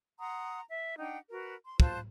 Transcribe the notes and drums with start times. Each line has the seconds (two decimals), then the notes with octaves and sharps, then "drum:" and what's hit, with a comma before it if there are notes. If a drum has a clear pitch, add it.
0.19 F#5 A#5 C6 D#6
0.70 E5
0.98 D4 D#4 F#5 G5
1.30 F#4 A#4 B4
1.66 C6
1.80 F4 C5 A5 F#6, drum: kick